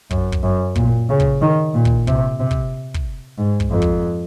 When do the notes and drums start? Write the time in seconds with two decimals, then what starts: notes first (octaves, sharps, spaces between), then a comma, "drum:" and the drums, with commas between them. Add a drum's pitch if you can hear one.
0.11 F#2, drum: kick
0.32 drum: kick
0.43 F#2
0.76 A#2, drum: kick
1.09 C#3
1.20 drum: kick
1.41 D#3
1.74 A#2
1.85 drum: kick
2.07 C3, drum: kick
2.40 C3
2.51 drum: kick
2.94 drum: kick
3.38 G#2
3.60 drum: kick
3.71 F2
3.82 drum: kick